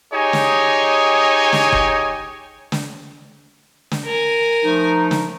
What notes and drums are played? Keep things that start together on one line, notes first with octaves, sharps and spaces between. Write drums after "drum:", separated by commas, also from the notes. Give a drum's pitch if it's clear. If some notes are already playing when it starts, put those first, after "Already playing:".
D#4 G4 G#4 C#5 D#5 G#5
drum: snare
drum: snare
drum: kick F#1
drum: snare
drum: snare
A#4 G#5
F3 A3 D#4
drum: snare